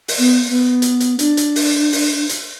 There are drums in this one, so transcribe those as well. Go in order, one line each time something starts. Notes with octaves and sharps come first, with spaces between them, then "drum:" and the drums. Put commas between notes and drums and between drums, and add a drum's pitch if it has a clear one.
drum: open hi-hat
B3
B3
drum: hi-hat
drum: hi-hat
D4, drum: hi-hat
drum: hi-hat
drum: open hi-hat
drum: open hi-hat
drum: hi-hat